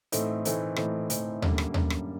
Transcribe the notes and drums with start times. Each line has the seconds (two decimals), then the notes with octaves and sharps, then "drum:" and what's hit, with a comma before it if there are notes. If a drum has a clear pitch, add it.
0.12 A2 E3 A3 C4 D#4, drum: hi-hat
0.45 A2 E3 A3 C4 D#4, drum: hi-hat
0.76 A2 E3 A3 C4 D#4, drum: rim click
1.10 A2 E3 A3 C4 D#4, drum: hi-hat
1.42 F#2 D3 G3 A#3, drum: tom D#2
1.58 drum: rim click
1.74 F#2 D3 G3 A#3, drum: tom D#2
1.90 drum: rim click